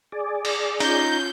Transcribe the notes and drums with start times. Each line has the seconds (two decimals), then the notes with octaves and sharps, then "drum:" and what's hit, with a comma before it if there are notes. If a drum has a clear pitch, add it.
0.12 G#4 D5
0.45 drum: cymbal
0.80 C#4 D#4 F4 G6, drum: cymbal